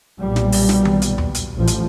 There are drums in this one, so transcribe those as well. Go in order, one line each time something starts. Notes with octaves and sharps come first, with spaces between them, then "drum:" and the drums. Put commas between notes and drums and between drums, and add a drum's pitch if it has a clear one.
B1 A#2 G3
drum: snare
drum: open hi-hat
drum: snare
drum: tom D#3
drum: hi-hat
drum: tom D#2
drum: hi-hat
A1 F3
drum: hi-hat